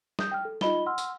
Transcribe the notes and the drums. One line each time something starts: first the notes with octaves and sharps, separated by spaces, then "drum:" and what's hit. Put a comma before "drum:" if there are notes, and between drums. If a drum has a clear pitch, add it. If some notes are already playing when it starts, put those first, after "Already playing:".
D#6 G6, drum: snare
G5 F6
A4
D#4 F4 D#5 B5 G7, drum: snare
F#5 C6 E6 F6
drum: tambourine